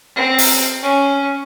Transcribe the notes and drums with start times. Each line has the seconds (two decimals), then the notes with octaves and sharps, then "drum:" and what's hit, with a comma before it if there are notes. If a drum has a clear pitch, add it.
0.16 C4
0.38 drum: open hi-hat
0.83 C#4